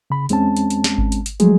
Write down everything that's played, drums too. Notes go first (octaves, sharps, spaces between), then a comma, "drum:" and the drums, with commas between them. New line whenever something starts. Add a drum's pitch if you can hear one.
C#3 B5
E2 G#3 C4 C#4 A5, drum: hi-hat
drum: hi-hat
drum: hi-hat
drum: snare
drum: kick G#1
drum: hi-hat
drum: hi-hat
F3 F#3 G#3 A3 G#4, drum: hi-hat